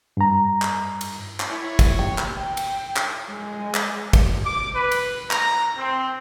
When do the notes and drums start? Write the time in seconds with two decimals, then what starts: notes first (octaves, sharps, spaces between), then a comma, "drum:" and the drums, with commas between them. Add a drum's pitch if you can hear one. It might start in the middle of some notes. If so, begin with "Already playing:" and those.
0.17 G2 A#5
0.62 drum: clap
1.01 drum: cymbal
1.40 drum: clap
1.50 E4 C#5
1.79 drum: kick, cymbal
1.99 E3 A#3 G4
2.18 drum: clap
2.36 G5
2.57 drum: cymbal
2.96 drum: clap
3.29 G#3
3.74 drum: clap
4.13 drum: kick, cymbal
4.44 D6
4.75 B4
4.92 drum: cymbal
5.31 A#5, drum: clap
5.77 C4